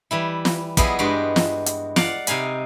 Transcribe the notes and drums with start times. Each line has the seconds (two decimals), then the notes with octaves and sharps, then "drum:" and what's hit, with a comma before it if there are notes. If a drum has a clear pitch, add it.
0.11 E3 G3 E4
0.45 drum: snare
0.77 F3 G3 B3 E4 G#4 D#5, drum: kick, hi-hat
0.99 G2 G#3 B3 F#4 G4
1.36 drum: snare
1.66 drum: hi-hat
1.96 D5 F5 F#5, drum: snare
2.27 C3 D#4 F5 G#5 B5, drum: hi-hat